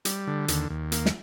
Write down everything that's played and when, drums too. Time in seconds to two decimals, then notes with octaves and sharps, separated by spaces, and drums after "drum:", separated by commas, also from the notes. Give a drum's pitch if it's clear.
0.05 G3, drum: hi-hat
0.27 D3
0.48 D#2, drum: hi-hat
0.70 D#2
0.92 A#3, drum: hi-hat
1.06 drum: snare